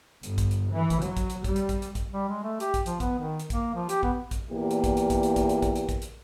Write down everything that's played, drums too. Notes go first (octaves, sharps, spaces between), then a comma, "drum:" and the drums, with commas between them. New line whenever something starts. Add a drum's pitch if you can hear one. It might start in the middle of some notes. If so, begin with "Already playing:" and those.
G1, drum: hi-hat
drum: kick, hi-hat
drum: hi-hat
E3
drum: kick, hi-hat
F#3, drum: hi-hat
drum: kick, hi-hat
drum: hi-hat
G3, drum: kick, hi-hat
drum: hi-hat
drum: kick, hi-hat
drum: hi-hat
drum: kick, hi-hat
G3
G#3
A3
G4, drum: hi-hat
drum: kick, hi-hat
F3, drum: hi-hat
B3, drum: kick, hi-hat
D#3
drum: hi-hat
A#3, drum: kick, hi-hat
F3
G4, drum: hi-hat
B3, drum: kick
drum: kick, hi-hat
E2 A#2 A#3 E4 G4
drum: hi-hat
drum: kick, hi-hat
drum: hi-hat
drum: kick, hi-hat
drum: hi-hat
drum: kick, hi-hat
drum: hi-hat
drum: kick, hi-hat
drum: hi-hat
drum: kick, hi-hat
drum: hi-hat